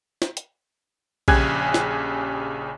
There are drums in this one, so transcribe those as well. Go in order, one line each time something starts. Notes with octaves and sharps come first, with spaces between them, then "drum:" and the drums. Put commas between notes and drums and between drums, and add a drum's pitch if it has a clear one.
drum: snare
drum: hi-hat
A#1 C#3 G4 G#5 F#6 G#6, drum: kick A#1
drum: snare